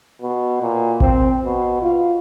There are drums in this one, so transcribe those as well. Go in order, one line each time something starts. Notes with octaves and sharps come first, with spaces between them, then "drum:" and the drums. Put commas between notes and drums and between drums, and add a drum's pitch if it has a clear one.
B2
A#2
C4, drum: kick A1
B2
F4